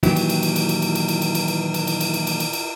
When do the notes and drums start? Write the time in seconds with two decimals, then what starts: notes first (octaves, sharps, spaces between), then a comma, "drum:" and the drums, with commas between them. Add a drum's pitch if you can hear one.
0.03 A#2 D#3 E3 F#3 E4 G4, drum: cymbal
0.16 drum: cymbal
0.29 drum: cymbal
0.43 drum: cymbal
0.56 drum: cymbal
0.69 drum: cymbal
0.82 drum: cymbal
0.95 drum: cymbal
1.08 drum: cymbal
1.22 drum: cymbal
1.35 drum: cymbal
1.48 drum: cymbal
1.74 drum: cymbal
1.87 drum: cymbal
2.00 drum: cymbal
2.14 drum: cymbal
2.27 drum: cymbal
2.40 drum: cymbal
2.53 drum: cymbal